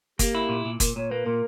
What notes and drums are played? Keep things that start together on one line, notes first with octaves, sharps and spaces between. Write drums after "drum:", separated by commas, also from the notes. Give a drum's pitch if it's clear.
A#3 G4, drum: kick F#1, hi-hat
E4
A#2
A#2
A#2 A#4, drum: kick F#1, hi-hat
A#2 C#5
A#3 B4
A#2 A#4